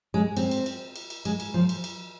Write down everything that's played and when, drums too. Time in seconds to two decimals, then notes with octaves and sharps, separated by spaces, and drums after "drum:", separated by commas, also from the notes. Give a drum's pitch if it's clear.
0.14 G#3
0.37 C4, drum: cymbal
0.51 drum: cymbal
0.66 drum: cymbal
0.96 drum: cymbal
1.10 drum: cymbal
1.25 G#3, drum: cymbal
1.40 drum: cymbal
1.54 F3
1.69 drum: cymbal
1.84 drum: cymbal